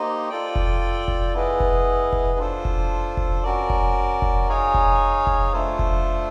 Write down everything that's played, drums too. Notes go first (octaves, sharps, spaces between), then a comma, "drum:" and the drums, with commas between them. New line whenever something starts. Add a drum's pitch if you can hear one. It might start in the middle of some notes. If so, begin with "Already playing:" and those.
Already playing: A#3 D#4 G4 C5 D#5
F4 A4 D5 G5
drum: kick F1
drum: kick F1
B3 E4 G#4 B4 D#5
drum: kick F1
drum: kick F1
D4 F4 A4 C5
drum: kick F1
drum: kick F1
C#4 F#4 A#4 D5
drum: kick F1
drum: kick F1
D#4 G#4 C#5 F5 G#5
drum: kick F1
drum: kick F1
A3 D4 F4 A4 C5
drum: kick F1